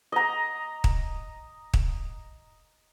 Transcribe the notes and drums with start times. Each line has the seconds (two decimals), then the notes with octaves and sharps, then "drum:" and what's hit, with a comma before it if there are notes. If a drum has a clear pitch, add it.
0.12 D#5 A#5
0.84 drum: kick
1.74 drum: kick